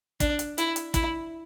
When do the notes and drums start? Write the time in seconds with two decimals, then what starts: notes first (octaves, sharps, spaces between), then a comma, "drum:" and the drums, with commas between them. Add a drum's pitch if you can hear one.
0.20 D4, drum: kick, hi-hat
0.39 drum: hi-hat
0.58 E4, drum: hi-hat
0.76 drum: hi-hat
0.94 E4, drum: kick, hi-hat